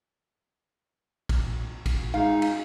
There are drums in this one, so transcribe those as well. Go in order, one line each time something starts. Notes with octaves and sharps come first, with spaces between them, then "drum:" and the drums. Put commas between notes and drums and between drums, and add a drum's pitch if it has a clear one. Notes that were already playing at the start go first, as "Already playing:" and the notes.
drum: kick A#1, cymbal
drum: kick A#1, cymbal
G#3 D#4 F5
drum: cymbal